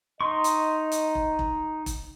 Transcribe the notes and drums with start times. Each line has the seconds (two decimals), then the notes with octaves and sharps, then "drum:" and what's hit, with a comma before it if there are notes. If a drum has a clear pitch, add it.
0.21 D#4 D#5 C6 C#6
0.44 drum: hi-hat
0.92 drum: hi-hat
1.15 drum: kick E1
1.39 drum: kick E1
1.86 drum: kick E1, hi-hat